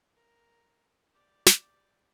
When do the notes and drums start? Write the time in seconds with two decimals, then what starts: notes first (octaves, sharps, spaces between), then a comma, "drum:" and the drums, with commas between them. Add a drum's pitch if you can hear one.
0.16 A#4
1.13 G4 D5
1.46 drum: snare